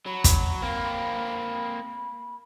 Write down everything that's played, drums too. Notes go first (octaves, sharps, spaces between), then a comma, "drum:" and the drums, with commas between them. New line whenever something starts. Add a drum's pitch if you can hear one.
F#3 B5
drum: kick, hi-hat
A#3 C4